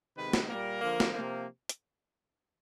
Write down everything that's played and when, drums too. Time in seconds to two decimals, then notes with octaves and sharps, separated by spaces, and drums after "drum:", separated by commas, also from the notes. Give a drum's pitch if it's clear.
0.17 C3 D#3 G#3 B3 B4
0.33 drum: snare
0.48 A#2 G3 A#3 A#4
0.81 D3 F3 A#3
1.00 drum: snare
1.13 C3 F3 A#3
1.69 drum: hi-hat